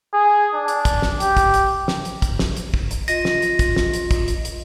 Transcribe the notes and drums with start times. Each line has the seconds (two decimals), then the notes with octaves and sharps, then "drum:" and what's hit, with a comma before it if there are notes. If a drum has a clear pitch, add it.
0.14 G#4
0.54 D4
0.68 drum: hi-hat
0.85 drum: kick, hi-hat
1.02 drum: snare
1.20 G4, drum: hi-hat
1.37 drum: kick, hi-hat
1.54 drum: hi-hat
1.88 drum: snare
2.05 drum: hi-hat
2.22 drum: kick, hi-hat
2.39 drum: snare
2.57 drum: hi-hat
2.74 drum: kick
2.91 drum: hi-hat
3.08 F4 D#5 A#6, drum: hi-hat
3.25 drum: snare
3.42 drum: hi-hat
3.59 drum: kick, hi-hat
3.76 drum: snare
3.94 drum: hi-hat
4.11 drum: kick, hi-hat
4.28 drum: hi-hat
4.45 drum: hi-hat